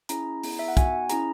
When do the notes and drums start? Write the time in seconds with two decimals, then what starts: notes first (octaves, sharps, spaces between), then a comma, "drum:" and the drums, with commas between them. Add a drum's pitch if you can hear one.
0.09 C#4 E4 G#4 A#5, drum: hi-hat
0.43 B3 E4 G#4, drum: open hi-hat
0.59 E5
0.68 F#5
0.77 B3 D#4 F#4 G#5, drum: kick, hi-hat
1.10 C#4 E4 G#4 A#5, drum: hi-hat